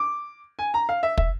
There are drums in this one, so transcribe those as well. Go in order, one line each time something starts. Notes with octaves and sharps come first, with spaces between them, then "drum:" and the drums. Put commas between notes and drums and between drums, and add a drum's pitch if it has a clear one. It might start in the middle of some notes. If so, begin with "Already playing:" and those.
Already playing: D6
G#5
A#5
F5
E5
E5, drum: kick